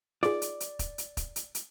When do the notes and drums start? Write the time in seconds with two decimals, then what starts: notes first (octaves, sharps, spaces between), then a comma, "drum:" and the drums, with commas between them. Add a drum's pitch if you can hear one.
0.23 F4 G#4 D5, drum: snare D#4
0.42 drum: hi-hat
0.60 drum: hi-hat
0.79 drum: kick, hi-hat
0.98 drum: hi-hat
1.17 drum: kick, hi-hat
1.36 drum: hi-hat
1.55 drum: hi-hat